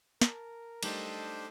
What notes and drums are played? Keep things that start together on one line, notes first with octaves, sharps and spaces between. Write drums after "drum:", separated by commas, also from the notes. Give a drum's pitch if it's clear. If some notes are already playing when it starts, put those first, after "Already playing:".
A#4 A5, drum: snare
G3 A3 D4 D#4 G4 A4 C5 D#5, drum: cymbal